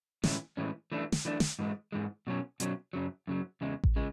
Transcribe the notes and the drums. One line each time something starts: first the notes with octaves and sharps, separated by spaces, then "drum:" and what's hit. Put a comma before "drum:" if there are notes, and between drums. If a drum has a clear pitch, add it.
A2 E3 G#3 C#4, drum: snare
A2 E3 G#3 C#4
E3 A3 D4
drum: snare
E3 A3 D4
drum: snare
G#2 E3 G#3
G#2 E3 G#3
B2 F#3 C#4
B2 F#3 C#4, drum: hi-hat
F#2 C#3 F#3
F#2 C#3 F#3
E2 C#3 G#3
drum: kick A1
C#3 G#3